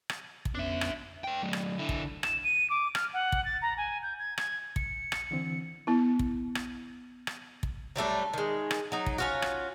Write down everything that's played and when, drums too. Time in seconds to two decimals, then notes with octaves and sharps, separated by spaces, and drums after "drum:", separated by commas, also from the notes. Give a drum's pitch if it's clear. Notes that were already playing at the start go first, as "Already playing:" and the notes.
0.10 drum: rim click
0.45 drum: kick
0.55 F2 B3 C#4 D4 E5
0.81 drum: rim click
1.24 B4 G5
1.43 F#3 A3
1.53 drum: rim click
1.79 D3 E4
1.89 drum: kick
2.23 E7, drum: rim click
2.44 D#7
2.70 D6
2.95 F6, drum: rim click
3.13 F#5
3.32 drum: kick
3.45 A6
3.62 A#5
3.77 G#5
4.03 G6
4.19 G#6
4.38 G#6, drum: rim click
4.76 C#7, drum: kick
5.12 drum: rim click
5.31 D3 E3 C4
5.87 B3 E4
6.19 drum: kick
6.55 drum: rim click
7.27 drum: rim click
7.63 drum: kick
7.96 F#3 G3 A3 D4
8.33 D#3 G#3
8.71 drum: rim click
8.92 F#3 D#4
9.06 drum: kick
9.18 C#4 F4 F#4
9.42 drum: rim click